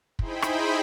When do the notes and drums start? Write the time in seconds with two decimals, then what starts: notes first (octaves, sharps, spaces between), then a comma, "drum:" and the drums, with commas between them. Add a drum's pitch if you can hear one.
0.19 D#4 E4 G#4 C5 G5 B5, drum: kick
0.42 drum: rim click